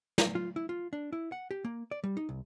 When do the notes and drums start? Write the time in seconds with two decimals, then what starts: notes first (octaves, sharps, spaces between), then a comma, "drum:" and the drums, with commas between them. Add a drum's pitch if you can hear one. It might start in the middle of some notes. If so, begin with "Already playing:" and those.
0.18 drum: snare
0.35 F4
0.56 E4
0.69 F4
0.93 D4
1.13 E4
1.32 F#5
1.51 G4
1.64 A#3
1.91 D5
2.04 G3
2.17 D#4
2.29 C2